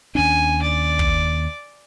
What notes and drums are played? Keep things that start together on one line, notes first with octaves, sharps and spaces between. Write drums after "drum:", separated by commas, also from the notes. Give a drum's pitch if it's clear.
D#2 C#4 D4 G#5
D5
drum: kick